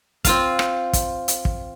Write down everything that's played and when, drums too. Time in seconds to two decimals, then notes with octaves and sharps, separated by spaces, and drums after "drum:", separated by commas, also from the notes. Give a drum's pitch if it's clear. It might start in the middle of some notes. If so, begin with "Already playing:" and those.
0.25 C4 F4 F5, drum: kick, hi-hat
0.59 drum: rim click
0.93 drum: kick, hi-hat
1.28 drum: hi-hat
1.45 drum: kick